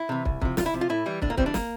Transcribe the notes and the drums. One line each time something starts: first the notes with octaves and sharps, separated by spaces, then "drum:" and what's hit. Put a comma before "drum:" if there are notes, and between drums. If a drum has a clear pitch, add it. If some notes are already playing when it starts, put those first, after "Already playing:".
Already playing: E4
C3 E3
C2, drum: kick
C3 F3, drum: kick
C2 F4, drum: snare
E4
C3 F3
F4
A2 E4
E3 G3
A2 D4, drum: kick
A#3
E3 G3 C4, drum: kick
D4
A#3, drum: snare